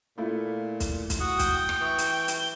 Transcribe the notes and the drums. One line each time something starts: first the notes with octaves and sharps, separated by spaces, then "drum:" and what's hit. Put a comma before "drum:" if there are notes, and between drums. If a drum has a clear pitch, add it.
A#2 A3 E4 F4
drum: kick, hi-hat
drum: kick, hi-hat
F#4 D#6
G5, drum: kick, hi-hat
drum: rim click
E3 C#6
drum: hi-hat
drum: hi-hat
G7